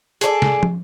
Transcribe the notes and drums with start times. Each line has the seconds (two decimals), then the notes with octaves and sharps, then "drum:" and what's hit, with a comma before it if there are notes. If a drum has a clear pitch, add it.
0.21 G#4 A4 C#5 D5, drum: hi-hat
0.42 drum: snare
0.63 drum: tom